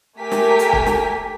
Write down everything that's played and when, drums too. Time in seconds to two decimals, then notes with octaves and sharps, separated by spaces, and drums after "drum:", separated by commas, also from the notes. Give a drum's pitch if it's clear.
0.18 A3 G4 A#4 G#5 B6
0.32 drum: snare
0.59 drum: hi-hat
0.73 drum: kick
0.86 drum: snare